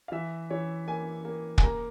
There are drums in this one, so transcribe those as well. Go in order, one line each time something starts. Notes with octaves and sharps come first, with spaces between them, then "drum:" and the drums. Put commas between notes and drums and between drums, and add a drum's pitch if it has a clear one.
F5
E3 E5
E3 C#5
A#3 G#5
A#3
G#5, drum: kick
A#3 A#5